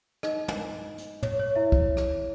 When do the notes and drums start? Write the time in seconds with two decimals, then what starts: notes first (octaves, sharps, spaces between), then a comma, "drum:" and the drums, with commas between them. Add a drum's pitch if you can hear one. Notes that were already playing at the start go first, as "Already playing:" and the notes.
0.23 D#4 D#5, drum: rim click
0.48 drum: tom
0.98 drum: hi-hat
1.23 C#5, drum: tom
1.40 C#5
1.56 E4 E5
1.72 drum: kick
1.97 drum: rim click